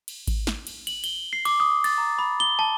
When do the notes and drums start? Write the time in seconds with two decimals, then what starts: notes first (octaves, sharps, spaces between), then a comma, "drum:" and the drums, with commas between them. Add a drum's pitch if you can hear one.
0.08 drum: cymbal
0.28 drum: kick G#1, cymbal
0.47 drum: snare
0.67 drum: cymbal
0.87 F#7, drum: cymbal
1.04 G7, drum: cymbal
1.33 C7
1.45 D6, drum: cymbal
1.60 D#6
1.84 A6, drum: cymbal
1.98 A#5
2.19 B5
2.40 G7
2.59 A5